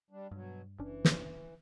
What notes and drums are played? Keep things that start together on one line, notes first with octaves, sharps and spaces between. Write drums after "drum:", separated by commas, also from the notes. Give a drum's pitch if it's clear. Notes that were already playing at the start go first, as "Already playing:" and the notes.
G3 D4
G2 B2 F#3
F#1 E3 C#4 D4
drum: snare